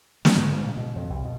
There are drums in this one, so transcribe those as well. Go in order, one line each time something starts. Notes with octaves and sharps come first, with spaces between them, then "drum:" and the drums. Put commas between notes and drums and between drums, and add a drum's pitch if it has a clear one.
B3, drum: snare
G#2
G#2
A#2
B2
F2
C2
B2